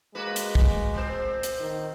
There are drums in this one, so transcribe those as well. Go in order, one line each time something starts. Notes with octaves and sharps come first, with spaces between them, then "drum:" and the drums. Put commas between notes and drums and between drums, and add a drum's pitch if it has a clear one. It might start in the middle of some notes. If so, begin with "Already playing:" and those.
G#3 A#3 F#4 B4
drum: hi-hat
drum: kick
A#2 C4 C5
drum: hi-hat
D#3